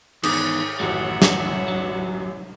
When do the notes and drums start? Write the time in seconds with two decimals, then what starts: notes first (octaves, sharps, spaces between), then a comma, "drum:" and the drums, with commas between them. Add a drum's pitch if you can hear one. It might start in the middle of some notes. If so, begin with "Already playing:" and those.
0.23 G#2 D#3 E3 B3 G#4 B4 D6 D#6, drum: cymbal
0.80 A1 F#2 D#3 E3 A3 E5 F#5
1.22 drum: snare
1.68 F#3